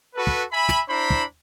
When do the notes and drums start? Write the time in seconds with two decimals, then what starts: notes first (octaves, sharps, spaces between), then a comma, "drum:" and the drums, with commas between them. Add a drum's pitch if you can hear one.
0.15 F#4 A4 B4
0.27 drum: kick
0.52 E5 G#5 B5
0.69 drum: snare
0.90 D4 E4 C5 A#5 B5
1.10 drum: kick